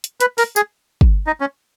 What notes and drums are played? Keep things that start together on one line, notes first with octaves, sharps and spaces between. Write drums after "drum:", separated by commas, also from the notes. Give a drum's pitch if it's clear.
drum: hi-hat
B4, drum: hi-hat
A#4, drum: open hi-hat
G#4, drum: tambourine
drum: kick
D#4
C#4